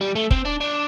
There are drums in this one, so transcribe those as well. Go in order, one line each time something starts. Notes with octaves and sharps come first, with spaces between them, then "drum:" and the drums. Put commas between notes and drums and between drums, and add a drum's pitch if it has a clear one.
G3
A3
C4, drum: kick
D4
D4